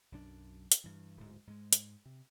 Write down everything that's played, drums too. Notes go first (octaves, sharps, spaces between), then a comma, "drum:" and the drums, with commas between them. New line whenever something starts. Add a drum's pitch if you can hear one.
B1 F#2 D4
drum: hi-hat
G2 E3
D1 G#2
G#2 G#3
drum: hi-hat
C3